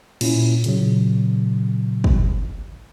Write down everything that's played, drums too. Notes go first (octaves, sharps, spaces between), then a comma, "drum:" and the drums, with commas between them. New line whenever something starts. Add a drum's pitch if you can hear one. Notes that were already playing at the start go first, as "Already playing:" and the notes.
A#2 C#4 E4, drum: cymbal
A#2 C#3 F#3, drum: hi-hat
drum: kick